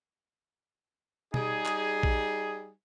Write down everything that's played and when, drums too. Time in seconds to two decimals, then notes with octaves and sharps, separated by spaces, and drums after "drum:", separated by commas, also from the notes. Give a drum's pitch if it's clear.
1.34 G3 D#4 G#4, drum: tom
1.66 drum: clap
2.03 drum: kick A#1